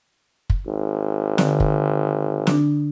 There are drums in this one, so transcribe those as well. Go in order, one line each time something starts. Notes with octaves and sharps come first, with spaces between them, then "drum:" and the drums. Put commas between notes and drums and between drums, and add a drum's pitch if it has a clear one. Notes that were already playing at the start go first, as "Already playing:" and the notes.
drum: kick
G#1
D3, drum: snare
drum: kick
D3 D4, drum: snare